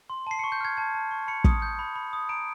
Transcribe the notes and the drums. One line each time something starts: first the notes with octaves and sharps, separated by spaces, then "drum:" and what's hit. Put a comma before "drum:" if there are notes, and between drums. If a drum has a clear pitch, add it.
C6
A5 C7
C#7
C#6
G6
F6 G#6
A5 G#6
A5
C#6
B5 C#7
D#6, drum: kick
G6
B5
B5
D#6
A#5 D7